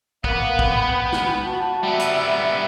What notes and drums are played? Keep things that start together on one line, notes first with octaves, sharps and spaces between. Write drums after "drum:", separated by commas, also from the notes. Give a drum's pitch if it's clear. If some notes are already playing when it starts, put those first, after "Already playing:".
A#3 B3 B4, drum: kick
G5, drum: kick
drum: snare
F#4 A5
G3 B3 E5
drum: hi-hat